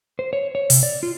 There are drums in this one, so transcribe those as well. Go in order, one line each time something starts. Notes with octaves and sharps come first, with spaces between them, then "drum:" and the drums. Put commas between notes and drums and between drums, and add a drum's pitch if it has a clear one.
C5
C#5
C#5
C3, drum: open hi-hat
D5
F4